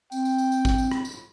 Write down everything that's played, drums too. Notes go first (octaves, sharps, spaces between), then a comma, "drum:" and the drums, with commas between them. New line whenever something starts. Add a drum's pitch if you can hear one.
C4 G5, drum: tambourine
drum: tambourine
drum: tambourine
drum: tambourine
drum: kick, tambourine
drum: tambourine
drum: rim click
drum: tambourine